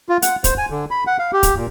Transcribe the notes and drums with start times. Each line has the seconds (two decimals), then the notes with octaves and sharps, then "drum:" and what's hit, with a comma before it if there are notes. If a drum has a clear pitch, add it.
0.09 F4
0.22 F#5, drum: hi-hat
0.44 C5, drum: kick, hi-hat
0.58 G#5
0.70 D3
0.91 B5
1.07 F#5
1.19 F5
1.33 G4
1.43 drum: kick, hi-hat
1.56 A#2